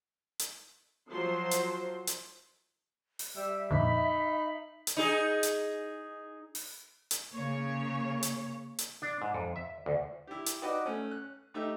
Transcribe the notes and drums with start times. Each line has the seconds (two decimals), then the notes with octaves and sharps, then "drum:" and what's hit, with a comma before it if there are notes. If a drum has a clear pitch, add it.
0.39 drum: hi-hat
1.09 F3 F#3 C5 C6
1.51 drum: hi-hat
2.07 drum: hi-hat
3.19 drum: open hi-hat
3.36 G3 E5 E6
3.71 F2 A#2 D3 D#4 B5
4.87 drum: hi-hat
4.97 D#4 G#4
5.43 drum: hi-hat
6.55 drum: open hi-hat
7.11 drum: hi-hat
7.33 C#3 A#3 C#5
8.23 drum: hi-hat
8.79 drum: hi-hat
9.02 D4
9.22 G#2
9.34 F2
9.56 E5
9.86 D2
10.27 E4 G4
10.46 drum: hi-hat
10.62 D#4 F#4 B4 D5 D#5
10.86 A3 C#4
11.11 F#6
11.54 A3 D#4 G4 E5